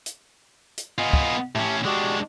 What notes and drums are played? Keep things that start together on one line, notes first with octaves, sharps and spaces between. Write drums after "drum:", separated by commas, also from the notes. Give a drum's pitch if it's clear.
drum: hi-hat
drum: hi-hat
B3 F4 D#5 G#5
drum: kick
A2 C#4 G4 E5 A5
G#3 D4 F#4 G4 D5